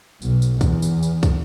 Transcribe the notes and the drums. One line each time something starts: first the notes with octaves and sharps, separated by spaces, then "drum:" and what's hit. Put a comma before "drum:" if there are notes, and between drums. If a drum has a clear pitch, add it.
B1, drum: tambourine
drum: tambourine
E2, drum: kick, tambourine
drum: tambourine
drum: tambourine
drum: kick, tambourine